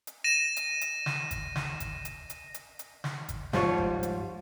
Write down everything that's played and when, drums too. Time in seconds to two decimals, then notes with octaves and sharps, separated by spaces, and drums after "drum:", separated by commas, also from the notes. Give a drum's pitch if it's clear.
0.07 drum: hi-hat
0.24 A#6 D#7 E7
0.57 drum: hi-hat
0.81 drum: hi-hat
1.06 drum: snare
1.31 drum: kick, hi-hat
1.55 drum: snare
1.80 drum: kick, hi-hat
2.05 drum: hi-hat
2.30 drum: hi-hat
2.54 drum: hi-hat
2.79 drum: hi-hat
3.04 drum: snare
3.29 drum: kick, hi-hat
3.53 G#2 F3 G3 F4 C#5, drum: snare
3.78 drum: kick
4.03 drum: hi-hat